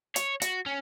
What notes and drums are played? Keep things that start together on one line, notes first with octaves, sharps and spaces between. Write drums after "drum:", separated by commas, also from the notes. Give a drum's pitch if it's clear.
C#5, drum: hi-hat
F#4, drum: hi-hat
C#4